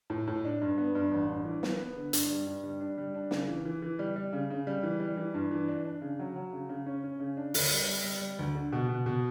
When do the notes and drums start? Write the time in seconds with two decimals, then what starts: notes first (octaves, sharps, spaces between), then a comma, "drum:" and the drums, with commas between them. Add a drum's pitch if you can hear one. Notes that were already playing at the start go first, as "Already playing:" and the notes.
0.10 A2
0.27 A2
0.45 D4
0.61 G2
0.78 B3
0.95 G2
1.12 A1
1.29 G2
1.45 E3
1.63 B3, drum: snare
1.79 B3
1.96 D3
2.13 G2, drum: hi-hat
2.30 G3
2.47 G2
2.64 G3
2.81 D4
2.98 G3
3.14 D4
3.31 C#3, drum: snare
3.48 E3
3.65 E3
3.82 E3
3.99 G3
4.16 G3
4.33 C#3
4.50 C#3
4.67 G3
4.83 E3
5.00 G3
5.17 E3
5.34 G2
5.51 E3
5.68 D4
5.85 D4
6.01 C#3
6.19 F#3
6.36 F#3
6.52 C#3
6.69 C#3
6.86 C#4
7.04 C#4
7.20 C#3
7.37 D4
7.54 D2, drum: open hi-hat
7.71 G3
7.88 G3
8.04 G3
8.21 G3
8.39 D2
8.55 D3
8.72 B2
8.89 B2
9.06 B2